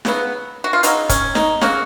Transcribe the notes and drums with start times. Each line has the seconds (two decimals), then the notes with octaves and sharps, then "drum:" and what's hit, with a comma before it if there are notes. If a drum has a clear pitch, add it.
0.05 C#3 F#3 B3, drum: snare
0.64 F#4
0.73 F4
0.83 C#3 F#3 B3 D#4, drum: hi-hat
1.09 C#4, drum: kick, hi-hat
1.35 D#4, drum: snare
1.61 C#3 F#3 A#3 C#4 F#4, drum: snare